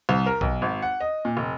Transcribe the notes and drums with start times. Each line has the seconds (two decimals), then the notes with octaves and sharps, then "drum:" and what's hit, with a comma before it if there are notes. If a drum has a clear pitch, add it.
0.09 C2
0.26 A#4
0.41 B1, drum: kick A#1
0.62 G#1
0.82 F#5
1.00 D#5
1.25 A#2
1.37 F1